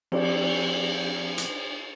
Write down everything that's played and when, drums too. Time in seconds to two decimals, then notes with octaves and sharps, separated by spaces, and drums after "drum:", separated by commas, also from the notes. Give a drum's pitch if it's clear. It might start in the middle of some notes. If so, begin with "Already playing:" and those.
0.12 F3 C4 G4 D5, drum: cymbal
1.38 drum: hi-hat